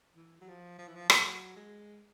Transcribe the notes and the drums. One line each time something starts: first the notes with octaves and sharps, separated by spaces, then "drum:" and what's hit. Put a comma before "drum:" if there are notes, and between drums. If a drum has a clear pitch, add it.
E3
F#3
F3
F3
E3
F3
F#3, drum: rim click
G#3